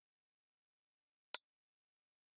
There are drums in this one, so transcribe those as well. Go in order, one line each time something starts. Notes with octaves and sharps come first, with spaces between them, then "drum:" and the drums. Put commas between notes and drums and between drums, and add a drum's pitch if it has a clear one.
B3
B3
D4
D4, drum: hi-hat
G4
D5